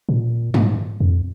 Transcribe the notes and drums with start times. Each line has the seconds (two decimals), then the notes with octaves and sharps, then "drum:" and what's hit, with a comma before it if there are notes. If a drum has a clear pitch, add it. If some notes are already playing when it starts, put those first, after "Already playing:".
0.09 A#2
0.54 G#2, drum: tom
1.00 F2